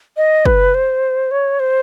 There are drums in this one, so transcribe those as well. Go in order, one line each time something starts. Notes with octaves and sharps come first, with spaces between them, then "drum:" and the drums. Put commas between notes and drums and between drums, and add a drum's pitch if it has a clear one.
D#5
B4, drum: kick
C5
C#5
C5